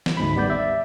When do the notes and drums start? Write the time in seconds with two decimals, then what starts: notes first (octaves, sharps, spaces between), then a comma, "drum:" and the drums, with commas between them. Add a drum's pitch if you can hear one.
0.06 drum: snare
0.17 D2 G#2 B5
0.35 G#1 G3 B3 D5 G6
0.50 D5 E5